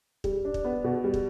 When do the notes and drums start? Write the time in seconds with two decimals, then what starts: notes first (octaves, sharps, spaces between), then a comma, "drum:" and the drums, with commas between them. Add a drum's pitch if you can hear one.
0.24 G3, drum: kick
0.45 D4
0.54 drum: kick
0.64 B3
0.84 B2
1.04 G3
1.14 drum: kick